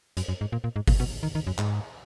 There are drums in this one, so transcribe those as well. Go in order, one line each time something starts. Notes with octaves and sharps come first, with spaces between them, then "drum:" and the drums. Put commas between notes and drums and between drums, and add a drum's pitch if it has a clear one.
F#2, drum: hi-hat
F#2
G#2
A#2
A#2
G#2
A#2, drum: kick G1, open hi-hat
B2
D#3
D#3
F#2
G#2, drum: clap